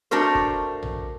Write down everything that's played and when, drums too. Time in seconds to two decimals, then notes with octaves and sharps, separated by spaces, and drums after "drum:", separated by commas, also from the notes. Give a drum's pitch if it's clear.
0.11 A3 D4 F#4 A#4 C5
0.35 drum: kick
0.83 drum: tom A#1